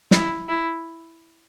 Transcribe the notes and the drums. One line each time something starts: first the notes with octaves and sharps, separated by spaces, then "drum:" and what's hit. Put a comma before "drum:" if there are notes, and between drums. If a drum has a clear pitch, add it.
E4, drum: snare
E4